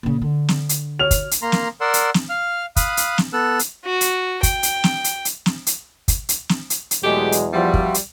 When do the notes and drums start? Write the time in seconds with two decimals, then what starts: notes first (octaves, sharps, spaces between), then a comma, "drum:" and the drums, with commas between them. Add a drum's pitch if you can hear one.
0.03 A#2 C#3
0.21 D3
0.49 drum: snare
0.69 drum: hi-hat
0.99 C#5 F6 F7
1.11 drum: kick, hi-hat
1.31 drum: hi-hat
1.42 A#3 A#5 C6
1.52 drum: snare
1.81 A#4 D5 F#5 C6 E6
1.94 drum: hi-hat
2.14 drum: snare
2.29 F5 F6
2.76 F5 B5 D#6 F#6, drum: kick, hi-hat
2.97 drum: hi-hat
3.18 drum: snare
3.33 B3 A4 E6 F#6
3.59 drum: hi-hat
3.85 F#4
4.01 drum: hi-hat
4.43 G5, drum: kick, hi-hat
4.63 drum: hi-hat
4.84 drum: snare
5.04 drum: hi-hat
5.25 drum: hi-hat
5.46 drum: snare
5.66 drum: hi-hat
6.08 drum: kick, hi-hat
6.29 drum: hi-hat
6.49 drum: snare
6.70 drum: hi-hat
6.91 drum: hi-hat
7.03 E2 B2 F#3 G#3 A3 G4
7.32 drum: hi-hat
7.53 F3 G3 F4 F#4 E5
7.74 drum: kick
7.94 drum: hi-hat